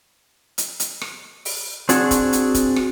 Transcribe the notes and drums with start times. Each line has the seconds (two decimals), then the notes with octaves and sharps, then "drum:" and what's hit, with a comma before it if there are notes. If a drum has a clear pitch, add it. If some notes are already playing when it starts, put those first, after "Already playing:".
0.58 drum: hi-hat
0.80 drum: hi-hat
1.01 drum: rim click
1.45 drum: open hi-hat
1.89 C4 D4 F#4 G#4, drum: hi-hat
2.11 drum: kick, hi-hat
2.33 drum: hi-hat
2.54 drum: kick, hi-hat
2.76 drum: rim click